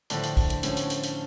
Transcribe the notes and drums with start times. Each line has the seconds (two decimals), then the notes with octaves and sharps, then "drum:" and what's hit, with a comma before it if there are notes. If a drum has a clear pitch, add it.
0.10 A2 D3 F3 D4, drum: hi-hat
0.24 drum: hi-hat
0.37 drum: kick, open hi-hat
0.50 drum: hi-hat
0.63 A2 F3 C#4, drum: hi-hat
0.77 drum: hi-hat
0.90 drum: hi-hat
1.04 drum: hi-hat